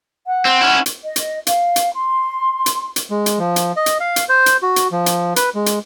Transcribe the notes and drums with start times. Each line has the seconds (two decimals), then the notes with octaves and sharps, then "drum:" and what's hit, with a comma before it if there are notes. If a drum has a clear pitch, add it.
0.27 F#5
0.45 C4
0.61 C#4 E4
0.86 drum: hi-hat
1.03 D#5
1.16 drum: hi-hat
1.47 F5, drum: hi-hat
1.76 drum: hi-hat
1.93 C6
2.66 drum: hi-hat
2.96 drum: hi-hat
3.10 G#3
3.26 drum: hi-hat
3.39 F3
3.56 drum: hi-hat
3.76 D#5
3.86 drum: hi-hat
4.00 F5
4.16 drum: hi-hat
4.29 C5
4.46 drum: hi-hat
4.63 F#4
4.76 drum: hi-hat
4.92 F3
5.06 drum: hi-hat
5.36 B4, drum: hi-hat
5.55 G#3
5.66 drum: hi-hat